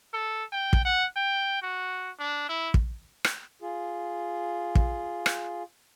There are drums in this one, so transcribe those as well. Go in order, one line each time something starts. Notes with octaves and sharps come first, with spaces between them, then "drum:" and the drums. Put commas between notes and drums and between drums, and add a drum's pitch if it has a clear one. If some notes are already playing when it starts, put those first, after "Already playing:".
A4
G5
drum: kick
F#5
G5
F#4
D4
E4
drum: kick
drum: rim click
F4 G#4
drum: kick
drum: rim click